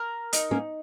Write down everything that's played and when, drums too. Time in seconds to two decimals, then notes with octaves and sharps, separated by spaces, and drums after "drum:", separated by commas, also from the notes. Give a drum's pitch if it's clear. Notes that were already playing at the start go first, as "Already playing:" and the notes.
Already playing: A#4
0.33 D#4, drum: hi-hat
0.51 A#3 C#4